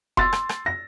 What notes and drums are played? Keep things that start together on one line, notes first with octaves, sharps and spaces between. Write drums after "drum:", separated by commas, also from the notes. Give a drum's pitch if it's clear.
C6 E6 A6, drum: kick F1
drum: rim click
drum: rim click
A#6